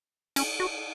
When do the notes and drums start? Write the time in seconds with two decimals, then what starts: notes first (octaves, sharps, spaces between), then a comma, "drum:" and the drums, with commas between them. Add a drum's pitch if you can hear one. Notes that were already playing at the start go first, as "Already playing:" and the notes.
0.36 C#4, drum: cymbal
0.60 F#4